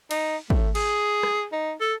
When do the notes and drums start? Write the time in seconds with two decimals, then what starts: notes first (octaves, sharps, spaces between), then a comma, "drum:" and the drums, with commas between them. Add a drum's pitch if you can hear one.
0.11 D#4, drum: cymbal
0.50 A3, drum: kick
0.75 G#4, drum: cymbal
1.23 drum: rim click
1.53 D#4
1.80 A4